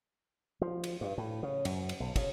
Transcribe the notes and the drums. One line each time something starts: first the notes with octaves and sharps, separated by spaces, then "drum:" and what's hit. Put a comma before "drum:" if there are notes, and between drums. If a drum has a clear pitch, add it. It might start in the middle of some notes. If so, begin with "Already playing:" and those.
F3
drum: cymbal
G2
A2
C#3
F#2, drum: cymbal
drum: cymbal
B1
C#3, drum: kick, cymbal